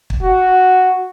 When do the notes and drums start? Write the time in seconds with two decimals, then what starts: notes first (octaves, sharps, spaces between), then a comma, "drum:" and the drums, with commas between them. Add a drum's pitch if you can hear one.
0.10 drum: kick
0.23 F#4